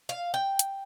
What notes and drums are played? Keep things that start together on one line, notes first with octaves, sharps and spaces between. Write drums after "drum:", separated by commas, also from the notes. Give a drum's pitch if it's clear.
F5
G5
drum: hi-hat